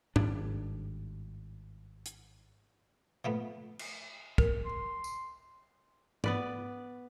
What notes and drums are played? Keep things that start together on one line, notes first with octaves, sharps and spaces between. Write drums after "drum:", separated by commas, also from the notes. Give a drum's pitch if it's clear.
G#1 G2 D4, drum: tom G#2
drum: hi-hat
F3 A3 B3
drum: cymbal
A#4, drum: kick
C6
drum: tambourine
B3 B4 D5, drum: tom G#2